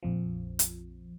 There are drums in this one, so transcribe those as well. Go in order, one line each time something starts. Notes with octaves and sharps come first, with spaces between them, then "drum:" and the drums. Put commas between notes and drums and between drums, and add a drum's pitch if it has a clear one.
A#1 F2 F3
drum: hi-hat